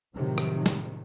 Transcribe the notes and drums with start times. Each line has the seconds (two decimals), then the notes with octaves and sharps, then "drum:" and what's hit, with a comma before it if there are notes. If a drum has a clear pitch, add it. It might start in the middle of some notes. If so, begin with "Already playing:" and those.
0.14 A2 C3 D#3 F3 F#3
0.38 drum: rim click
0.66 drum: snare